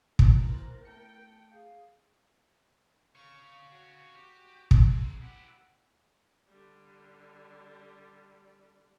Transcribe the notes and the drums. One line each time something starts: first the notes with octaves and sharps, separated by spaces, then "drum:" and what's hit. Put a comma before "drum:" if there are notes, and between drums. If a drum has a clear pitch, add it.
D#3 E3 F#3 A#3 A#4 G#5, drum: kick
C5 F#6 A6
A3 G5 A5 C#7
G#4 F5
C#5 F5 C#6
F#4
G4
drum: kick
C4 G#4
E4 G4 F#5
D3 G3